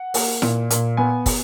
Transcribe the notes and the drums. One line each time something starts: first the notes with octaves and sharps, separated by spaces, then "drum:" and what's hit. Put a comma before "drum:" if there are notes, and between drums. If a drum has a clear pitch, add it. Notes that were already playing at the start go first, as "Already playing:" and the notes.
Already playing: F#5
A#3, drum: open hi-hat
A#2, drum: snare E4
A#2, drum: hi-hat
B3 G#5
drum: kick, open hi-hat